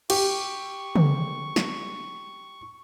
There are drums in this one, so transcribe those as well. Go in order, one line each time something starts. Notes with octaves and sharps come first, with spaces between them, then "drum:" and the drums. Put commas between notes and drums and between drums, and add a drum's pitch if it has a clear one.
G4 C#6, drum: cymbal
drum: tom
drum: snare